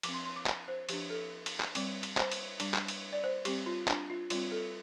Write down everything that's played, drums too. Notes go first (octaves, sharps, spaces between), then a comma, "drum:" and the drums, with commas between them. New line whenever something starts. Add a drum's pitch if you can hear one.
F3 C4 D6, drum: cymbal
C6
C6
D6
drum: clap
C5
F3 D4 G4, drum: cymbal
A4
drum: cymbal
drum: clap
G3 C4, drum: cymbal
drum: cymbal
C5, drum: clap
drum: cymbal
G3 D4, drum: cymbal
drum: clap
drum: cymbal
D5
C5
G3 C4 G4, drum: cymbal
F4
D4, drum: clap
F4
G3 C4 F4, drum: cymbal
A4